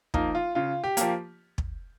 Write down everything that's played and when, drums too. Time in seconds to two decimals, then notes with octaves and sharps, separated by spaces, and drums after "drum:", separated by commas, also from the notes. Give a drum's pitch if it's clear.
0.14 F3 A#3 D#4, drum: kick
0.35 F4
0.55 C#3 F4
0.84 G4
0.97 F3 A#3, drum: hi-hat
1.58 drum: kick